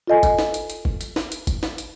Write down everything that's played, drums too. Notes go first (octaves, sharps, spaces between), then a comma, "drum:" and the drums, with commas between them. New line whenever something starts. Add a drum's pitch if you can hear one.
F4 A4 D#5 G#5
drum: kick F#1, hi-hat
drum: snare
drum: hi-hat
drum: hi-hat
drum: kick F#1
drum: hi-hat
drum: snare
drum: hi-hat
drum: kick F#1, hi-hat
drum: snare
drum: hi-hat